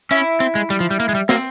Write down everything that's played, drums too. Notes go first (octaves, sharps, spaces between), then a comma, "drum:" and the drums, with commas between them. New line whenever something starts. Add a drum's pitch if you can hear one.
C#4 E4, drum: hi-hat
C4, drum: hi-hat
G#3
G3, drum: hi-hat
F3
G3
A#3, drum: hi-hat
G#3
G3
A#3 C4, drum: snare